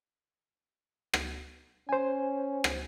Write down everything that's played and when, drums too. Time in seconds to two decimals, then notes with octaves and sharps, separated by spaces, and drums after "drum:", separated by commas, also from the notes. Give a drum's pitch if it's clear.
1.14 drum: rim click
1.89 C#4 C5 G#5
2.64 drum: rim click